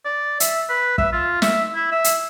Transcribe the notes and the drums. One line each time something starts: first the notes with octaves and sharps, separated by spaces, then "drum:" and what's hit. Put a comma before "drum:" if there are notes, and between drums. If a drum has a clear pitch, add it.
D5
E5, drum: hi-hat
B4
E5, drum: kick
F4
E5, drum: snare
E4
E5
drum: hi-hat